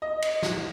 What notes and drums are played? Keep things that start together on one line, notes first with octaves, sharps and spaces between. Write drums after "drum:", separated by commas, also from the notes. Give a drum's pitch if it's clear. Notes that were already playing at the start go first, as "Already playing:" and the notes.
D#5
drum: cymbal
drum: snare